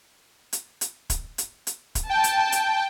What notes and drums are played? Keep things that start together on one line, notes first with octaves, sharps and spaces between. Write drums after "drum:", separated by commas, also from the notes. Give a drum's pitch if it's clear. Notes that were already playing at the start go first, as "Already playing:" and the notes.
drum: hi-hat
drum: hi-hat
drum: kick, hi-hat
drum: hi-hat
drum: hi-hat
drum: kick, hi-hat
G5 A5
drum: hi-hat
drum: hi-hat